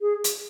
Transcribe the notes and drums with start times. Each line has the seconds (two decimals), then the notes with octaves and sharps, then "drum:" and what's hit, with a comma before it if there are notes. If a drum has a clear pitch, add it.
0.01 G#4
0.24 drum: hi-hat